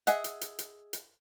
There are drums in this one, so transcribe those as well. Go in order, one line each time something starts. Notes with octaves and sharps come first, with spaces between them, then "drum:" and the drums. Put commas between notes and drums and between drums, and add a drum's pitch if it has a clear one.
G#4 D#5 E5 F#5, drum: hi-hat
drum: hi-hat
drum: hi-hat
drum: hi-hat
drum: hi-hat